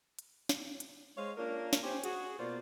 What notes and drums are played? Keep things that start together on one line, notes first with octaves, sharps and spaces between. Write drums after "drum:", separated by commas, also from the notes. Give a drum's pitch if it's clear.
drum: hi-hat
drum: snare
drum: hi-hat
G#3 C5 C#5 F5
A#3 C#4 D4 F4 A#4
drum: snare
C#4 G4 C5
F#4 G#4, drum: hi-hat
B2 A#3 F4 C5 D5